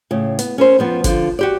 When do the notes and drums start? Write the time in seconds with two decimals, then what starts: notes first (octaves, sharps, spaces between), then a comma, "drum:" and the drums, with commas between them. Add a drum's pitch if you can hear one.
0.11 A2 C#3
0.39 B3, drum: hi-hat
0.58 C#4 A#4 C5
0.79 F2 F3 B3
1.04 D3 F3, drum: kick G1, hi-hat
1.39 F#4 G4 D5